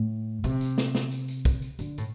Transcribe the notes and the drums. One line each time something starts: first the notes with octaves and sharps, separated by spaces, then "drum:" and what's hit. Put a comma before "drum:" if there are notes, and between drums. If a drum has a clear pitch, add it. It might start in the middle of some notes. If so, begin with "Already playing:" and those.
Already playing: A2
C3, drum: tambourine
drum: tambourine
drum: snare
drum: snare
drum: tambourine
drum: tambourine
drum: kick, tambourine
drum: tambourine
D3, drum: tambourine
A2, drum: tambourine